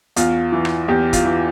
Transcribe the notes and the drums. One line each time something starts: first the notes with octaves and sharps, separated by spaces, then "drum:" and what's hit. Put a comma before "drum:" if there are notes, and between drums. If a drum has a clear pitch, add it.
E2 F4, drum: hi-hat
E3
drum: rim click
E2 G4
F4, drum: kick, hi-hat
E3